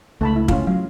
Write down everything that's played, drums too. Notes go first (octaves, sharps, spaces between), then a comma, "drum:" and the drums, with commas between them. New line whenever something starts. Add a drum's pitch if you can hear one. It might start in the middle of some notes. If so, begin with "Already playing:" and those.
C#2 A3 A5 B5
E4
C#4 F4, drum: kick
F#3 F5